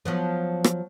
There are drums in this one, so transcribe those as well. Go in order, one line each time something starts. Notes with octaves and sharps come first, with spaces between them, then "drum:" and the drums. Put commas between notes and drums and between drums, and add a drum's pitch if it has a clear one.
F3 F#3 B3
drum: rim click